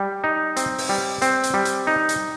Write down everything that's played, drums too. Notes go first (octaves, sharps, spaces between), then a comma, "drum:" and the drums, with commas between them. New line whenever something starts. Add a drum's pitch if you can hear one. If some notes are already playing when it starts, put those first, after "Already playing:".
Already playing: G3
D#4
C4, drum: hi-hat
drum: open hi-hat
G3
C4, drum: hi-hat
drum: hi-hat
G3
drum: hi-hat
D#4
drum: hi-hat